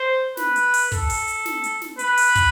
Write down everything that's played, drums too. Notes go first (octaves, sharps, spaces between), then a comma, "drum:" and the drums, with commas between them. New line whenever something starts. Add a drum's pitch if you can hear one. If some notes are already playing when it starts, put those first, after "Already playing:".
Already playing: C5
B4, drum: snare
drum: hi-hat
drum: open hi-hat
A4, drum: kick, hi-hat
drum: open hi-hat
drum: hi-hat
drum: snare
drum: hi-hat
drum: snare
B4, drum: hi-hat
drum: open hi-hat
drum: kick, hi-hat